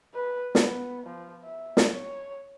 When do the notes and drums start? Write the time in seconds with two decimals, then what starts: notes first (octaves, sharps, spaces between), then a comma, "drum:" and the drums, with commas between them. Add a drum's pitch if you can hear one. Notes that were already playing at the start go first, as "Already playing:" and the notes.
0.14 B4
0.55 B3, drum: snare
1.06 F3
1.44 E5
1.77 drum: snare
1.91 C#5